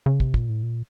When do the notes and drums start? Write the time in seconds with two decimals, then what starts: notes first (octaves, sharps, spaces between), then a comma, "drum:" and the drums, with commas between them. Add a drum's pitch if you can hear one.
0.06 C#3
0.20 C3, drum: kick
0.34 A#2, drum: kick
0.49 A2
0.63 A#2